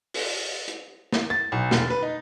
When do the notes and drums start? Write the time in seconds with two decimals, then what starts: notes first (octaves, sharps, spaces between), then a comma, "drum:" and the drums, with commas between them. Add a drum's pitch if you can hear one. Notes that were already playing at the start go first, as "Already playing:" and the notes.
0.14 drum: open hi-hat
0.68 drum: hi-hat
1.12 drum: snare
1.30 A6
1.52 B1
1.71 E1, drum: snare
1.90 B4
2.03 D#4